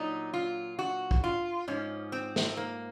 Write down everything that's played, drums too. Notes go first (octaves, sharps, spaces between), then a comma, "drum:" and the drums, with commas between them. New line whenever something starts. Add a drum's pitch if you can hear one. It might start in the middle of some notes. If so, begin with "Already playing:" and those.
Already playing: A#2 F#3 D#4
F4
F#4
drum: kick
F4
G#2 F3 C#4
C4
drum: snare
A#3